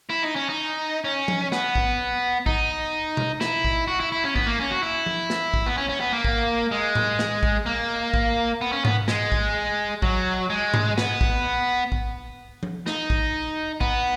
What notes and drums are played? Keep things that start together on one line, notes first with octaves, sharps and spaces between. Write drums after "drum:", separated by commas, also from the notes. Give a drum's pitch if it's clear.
E4
D#4
C#4
D#4
C#4
drum: tom F3
B3, drum: snare
drum: kick A#1
D#4, drum: kick A#1
drum: tom B2
E4, drum: snare
drum: kick A#1
F#4
E4
E4
C#4
B3, drum: kick A#1
A#3
C#4
F#4
E4
drum: tom F3
drum: snare
drum: kick A#1
B3
C#4
C#4
B3
A#3
drum: kick A#1
G#3
drum: tom A2
drum: snare
drum: kick A#1
A#3
drum: kick A#1
B3
C#4
B3, drum: tom G#2
G#3, drum: snare
drum: kick A#1
F#3, drum: kick A#1
G#3
drum: tom G#2
B3, drum: snare
drum: kick A#1
drum: kick A#1
drum: tom F3
D#4, drum: snare
drum: kick A#1
B3, drum: kick A#1